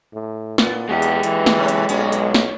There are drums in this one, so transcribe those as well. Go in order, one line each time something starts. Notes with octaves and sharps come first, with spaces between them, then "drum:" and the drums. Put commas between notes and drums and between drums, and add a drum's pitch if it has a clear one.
A2
A#2 B3, drum: snare
E2 G#3 G4
drum: hi-hat
E3, drum: hi-hat
drum: snare
C3 A3
drum: hi-hat
B1 B3 C#4 D4, drum: hi-hat
drum: hi-hat
drum: snare